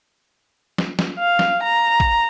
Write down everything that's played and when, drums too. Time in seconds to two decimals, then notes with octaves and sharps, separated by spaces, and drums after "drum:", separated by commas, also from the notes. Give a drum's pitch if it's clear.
0.78 drum: snare
0.99 drum: snare
1.19 F5
1.39 drum: snare
1.63 A#5
2.00 drum: kick